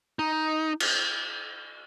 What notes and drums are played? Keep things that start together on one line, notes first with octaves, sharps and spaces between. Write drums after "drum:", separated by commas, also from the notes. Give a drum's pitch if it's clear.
D#4
drum: cymbal